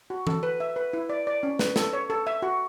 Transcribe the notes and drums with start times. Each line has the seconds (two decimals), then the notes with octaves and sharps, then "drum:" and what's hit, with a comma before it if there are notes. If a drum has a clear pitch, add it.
0.10 F#4
0.27 A4, drum: tom E3
0.43 B4
0.60 E5
0.76 B4
0.93 E4
1.10 D5
1.27 D5
1.43 C#4
1.59 B4, drum: snare
1.76 A4, drum: snare
1.93 C#5
2.10 A4
2.27 E5
2.42 F#4